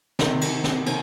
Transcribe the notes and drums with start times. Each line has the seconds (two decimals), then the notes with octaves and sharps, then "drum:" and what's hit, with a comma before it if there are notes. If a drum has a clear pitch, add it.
0.19 C3 D#3, drum: snare
0.41 drum: cymbal
0.64 drum: snare
0.86 C3 D#3, drum: cymbal